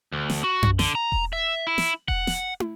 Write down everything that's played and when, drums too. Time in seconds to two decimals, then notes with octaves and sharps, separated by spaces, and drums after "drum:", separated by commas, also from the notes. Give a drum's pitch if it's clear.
0.12 D2
0.30 drum: snare
0.44 F#4
0.63 drum: tom F#2
0.79 D3, drum: snare
0.95 A#5
1.12 drum: kick E1
1.33 E5
1.67 E4
1.78 drum: snare
2.08 F#5, drum: kick E1
2.27 drum: snare
2.60 drum: tom